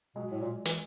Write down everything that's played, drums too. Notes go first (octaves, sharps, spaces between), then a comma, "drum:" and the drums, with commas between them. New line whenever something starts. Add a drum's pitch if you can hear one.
B2 F#3 G#3
A2
A#2
E3, drum: hi-hat